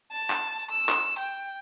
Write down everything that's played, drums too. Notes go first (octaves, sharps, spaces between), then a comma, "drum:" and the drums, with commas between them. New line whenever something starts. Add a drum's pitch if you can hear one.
A5
drum: clap
drum: tambourine
E6
drum: clap
G5, drum: tambourine